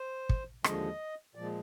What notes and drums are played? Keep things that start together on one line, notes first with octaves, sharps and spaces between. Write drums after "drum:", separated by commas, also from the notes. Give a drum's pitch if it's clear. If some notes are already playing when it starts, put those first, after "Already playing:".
Already playing: C5
drum: kick
D#2 D3 F3 G#3 D#5, drum: rim click
A#2 F3 G#3 D5